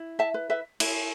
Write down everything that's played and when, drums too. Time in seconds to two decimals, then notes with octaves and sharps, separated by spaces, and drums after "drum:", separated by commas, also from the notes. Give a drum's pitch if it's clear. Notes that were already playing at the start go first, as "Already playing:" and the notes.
Already playing: E4
0.19 E5 A5
0.34 B4
0.50 B4 E5
0.80 E4, drum: cymbal